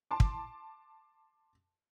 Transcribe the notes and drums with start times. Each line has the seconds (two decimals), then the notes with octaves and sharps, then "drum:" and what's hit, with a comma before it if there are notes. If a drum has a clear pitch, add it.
0.11 A5 C6 D6
0.20 drum: kick